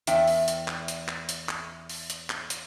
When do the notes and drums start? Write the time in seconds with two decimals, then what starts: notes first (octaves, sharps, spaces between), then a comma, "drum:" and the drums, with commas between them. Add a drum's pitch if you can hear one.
0.07 E2 E5 G5, drum: hi-hat
0.28 drum: open hi-hat
0.48 drum: hi-hat
0.68 drum: clap
0.88 drum: hi-hat
1.08 drum: clap
1.29 drum: hi-hat
1.49 drum: clap
1.89 drum: open hi-hat
2.10 drum: hi-hat
2.30 drum: clap
2.50 drum: hi-hat